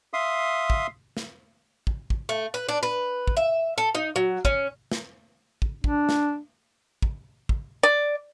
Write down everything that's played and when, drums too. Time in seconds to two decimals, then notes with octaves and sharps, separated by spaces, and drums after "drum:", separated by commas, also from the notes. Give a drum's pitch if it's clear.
0.13 E5 F5 C6 D#6
0.70 drum: kick
1.17 drum: snare
1.87 drum: kick
2.10 drum: kick
2.29 A3
2.54 B4
2.69 D4
2.83 B4
3.27 drum: kick
3.37 E5
3.78 A4
3.95 D#4
4.16 F#3
4.45 C#4, drum: kick
4.92 drum: snare
5.62 drum: kick
5.84 D4, drum: kick
6.09 drum: snare
7.02 drum: kick
7.49 drum: kick
7.83 D5